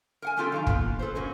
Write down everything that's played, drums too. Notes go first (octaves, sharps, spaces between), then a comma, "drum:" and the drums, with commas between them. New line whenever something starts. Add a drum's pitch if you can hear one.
A#4 F#5 G#5
F#3 B3 C#4 F4 G4 A4
D#3 F5 A#5
A#3 B3 F4, drum: kick
A4 B4 C5
C#3 F#3 C#4 A#4 C#5